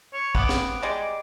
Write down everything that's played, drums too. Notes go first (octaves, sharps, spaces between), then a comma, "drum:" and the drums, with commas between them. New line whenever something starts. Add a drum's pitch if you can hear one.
C#5
B3 D6, drum: kick
drum: snare
G3 G#3